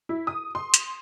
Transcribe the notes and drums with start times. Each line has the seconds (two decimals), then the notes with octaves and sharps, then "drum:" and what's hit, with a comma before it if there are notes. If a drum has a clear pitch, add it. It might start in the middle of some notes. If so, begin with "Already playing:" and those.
0.09 E4
0.27 D#6
0.55 C6
0.74 drum: hi-hat